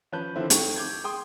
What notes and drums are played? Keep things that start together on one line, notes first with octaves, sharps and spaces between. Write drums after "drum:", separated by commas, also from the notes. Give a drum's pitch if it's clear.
F3 C#4 B4 A5 F#6 G6
D3 D#3 F3 C4 E4 C5
D#4 A4 G5 C#6, drum: hi-hat
D6 G6 G#6
G#4 G5 C6 D#6